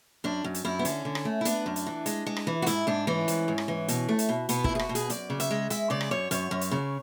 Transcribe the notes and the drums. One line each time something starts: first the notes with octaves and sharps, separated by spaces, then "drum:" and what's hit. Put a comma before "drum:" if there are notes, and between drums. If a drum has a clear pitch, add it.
F#2 D4
F#2
drum: hi-hat
F#2 E4
B3
D3 C#4, drum: hi-hat
D3
drum: rim click
A3
E4
B3 D4, drum: hi-hat
F#2
drum: hi-hat
E3
G#3, drum: hi-hat
G#3
drum: rim click
E3
F#4
G#2 E4, drum: hi-hat
G#2 D4
E3 C#4
G#2, drum: hi-hat
G#2
drum: rim click
E3
B2, drum: hi-hat
A3
drum: hi-hat
B2
B2 B3, drum: hi-hat
B2 E4, drum: kick
G#4
F#4, drum: rim click
B2
G#4, drum: hi-hat
F#2 D5, drum: hi-hat
C#3
E5, drum: hi-hat
G#3
G#3 E5, drum: hi-hat
C#3 D5
drum: rim click
F#2 C#5
F#2 C#5, drum: hi-hat
F#2
drum: hi-hat
C#3